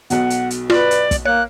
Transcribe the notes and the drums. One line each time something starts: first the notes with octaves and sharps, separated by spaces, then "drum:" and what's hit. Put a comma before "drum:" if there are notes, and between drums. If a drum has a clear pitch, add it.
B1 B2 F#5, drum: hi-hat
drum: hi-hat
drum: hi-hat
F4 B4 D5, drum: rim click
drum: hi-hat
drum: kick, hi-hat
A#3 C#5 F#6